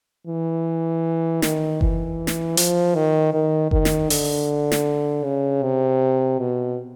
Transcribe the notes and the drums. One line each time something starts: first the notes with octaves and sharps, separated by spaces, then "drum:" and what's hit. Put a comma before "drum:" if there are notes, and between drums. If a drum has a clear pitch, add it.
E3
D#3, drum: snare
E3, drum: kick F#1
drum: snare
F3, drum: hi-hat
D#3
D#3
D#3, drum: kick F#1
drum: snare
D3, drum: open hi-hat
drum: snare
C#3
C3
B2